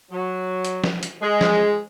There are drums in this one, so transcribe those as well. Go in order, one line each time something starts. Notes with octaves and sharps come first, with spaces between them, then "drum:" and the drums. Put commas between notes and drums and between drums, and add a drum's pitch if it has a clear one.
F#3
drum: hi-hat
drum: snare
drum: hi-hat
G#3
drum: snare